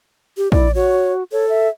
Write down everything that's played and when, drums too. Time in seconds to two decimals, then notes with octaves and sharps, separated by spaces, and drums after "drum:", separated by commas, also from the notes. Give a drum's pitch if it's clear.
0.38 G4
0.52 E4 D5, drum: kick
0.75 F#4 C#5
1.32 A4 C#5
1.49 E5